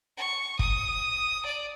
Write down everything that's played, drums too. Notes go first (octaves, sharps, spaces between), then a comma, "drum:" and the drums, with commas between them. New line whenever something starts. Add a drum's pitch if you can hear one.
C#6
D#6, drum: kick
D5